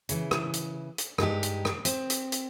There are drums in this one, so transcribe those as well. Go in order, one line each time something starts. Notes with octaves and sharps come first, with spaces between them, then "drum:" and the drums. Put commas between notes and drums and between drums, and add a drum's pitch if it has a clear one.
C#3 E3, drum: hi-hat
drum: rim click
drum: hi-hat
drum: hi-hat
G2 G#3 D#4 G4, drum: rim click
drum: hi-hat
drum: rim click
C4, drum: hi-hat
drum: hi-hat
drum: hi-hat